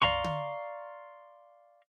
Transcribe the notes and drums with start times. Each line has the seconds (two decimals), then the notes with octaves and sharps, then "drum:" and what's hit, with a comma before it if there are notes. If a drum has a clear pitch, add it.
0.02 D5 F5 A#5 C6 C#6, drum: tom
0.24 drum: tom D3